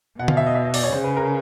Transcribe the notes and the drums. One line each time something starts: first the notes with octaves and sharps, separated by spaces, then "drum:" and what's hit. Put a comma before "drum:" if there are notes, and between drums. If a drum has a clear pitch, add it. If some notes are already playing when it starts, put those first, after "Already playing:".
B2 F#5
F5, drum: tom D3
E5
D#5
E5
D#5
D5, drum: open hi-hat
C#5
C#3 C5
B4
A#4